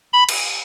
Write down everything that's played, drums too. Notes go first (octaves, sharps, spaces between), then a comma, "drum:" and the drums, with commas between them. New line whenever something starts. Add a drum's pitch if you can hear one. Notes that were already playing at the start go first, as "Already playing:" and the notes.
B5
drum: cymbal